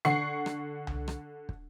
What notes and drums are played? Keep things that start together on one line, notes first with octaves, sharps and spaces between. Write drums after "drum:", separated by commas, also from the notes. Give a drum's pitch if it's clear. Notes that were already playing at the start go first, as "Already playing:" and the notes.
D3 F#5 C#6 C7
drum: rim click
drum: tom C2
drum: rim click
drum: kick